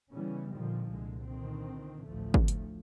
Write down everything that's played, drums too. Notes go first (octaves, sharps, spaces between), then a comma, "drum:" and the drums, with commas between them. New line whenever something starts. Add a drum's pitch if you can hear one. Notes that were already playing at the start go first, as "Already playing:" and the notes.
C#3 E3 G3 B3 C#4
A#2 D3 D#3 F3 G3
C2 A#2 D3 G#3
A#2 D3 D#3 C4
A1 D2 F3 A3
drum: kick
drum: hi-hat